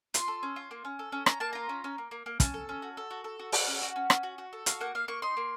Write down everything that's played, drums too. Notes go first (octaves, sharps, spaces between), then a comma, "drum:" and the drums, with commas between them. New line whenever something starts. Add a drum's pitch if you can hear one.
F4 C6, drum: hi-hat
A4
C#4
F4
A#3
C#4
A4
C#4
C#4 A#5, drum: rim click
A#3 A5
F4 A#5
C#4
C#4
A#3
A#3
A#3
C#4 A5, drum: kick, hi-hat
A4
C#4
F#4
A4
F#4
A4
F#4
F#4 F#5, drum: open hi-hat
C#4
F#4
C#4
C#4, drum: rim click
F#4
F#4
A4
F#4 F5, drum: hi-hat
A#3 F#5
A#3 F5
A#3 C#6
D#4 C6
A#3